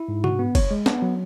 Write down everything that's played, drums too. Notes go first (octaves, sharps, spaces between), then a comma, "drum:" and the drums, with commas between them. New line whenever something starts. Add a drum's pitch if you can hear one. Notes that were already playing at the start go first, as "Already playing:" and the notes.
Already playing: E4
G#2
F#4, drum: tom C3
B3
C#5, drum: kick, cymbal
G#3
B3, drum: snare
F#3